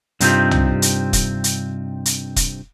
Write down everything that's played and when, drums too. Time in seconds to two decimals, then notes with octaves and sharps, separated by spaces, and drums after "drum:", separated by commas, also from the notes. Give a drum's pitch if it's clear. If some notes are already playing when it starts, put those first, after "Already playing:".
0.20 G2 C3 C4 D#4 F4 G4, drum: hi-hat
0.51 drum: tom C2
0.82 drum: hi-hat
1.13 drum: kick, hi-hat
1.44 drum: hi-hat
2.06 drum: hi-hat
2.36 drum: kick, hi-hat